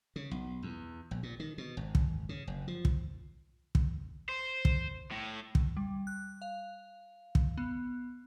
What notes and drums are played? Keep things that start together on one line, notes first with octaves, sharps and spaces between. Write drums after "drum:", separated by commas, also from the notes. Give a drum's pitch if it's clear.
C#3
B1
E2
A#1
A#2
D#3
B2
G#1
drum: kick
C#3
F#1
F3
drum: kick
drum: kick
C5
drum: kick
A2
drum: kick
G3
F#6
F5
drum: kick
B3